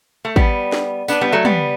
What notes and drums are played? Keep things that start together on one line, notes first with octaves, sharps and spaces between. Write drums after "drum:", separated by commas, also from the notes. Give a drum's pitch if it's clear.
A3
G3 B3, drum: kick
drum: snare
B3 D4, drum: tambourine
G3 B3
F#3 A3
G3 B3, drum: tom